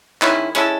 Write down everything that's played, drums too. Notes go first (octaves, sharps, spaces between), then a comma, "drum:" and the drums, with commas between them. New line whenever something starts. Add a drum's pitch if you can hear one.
D#3 G#3 C#4 E4, drum: clap
G#3 C#4 E4 A4, drum: hi-hat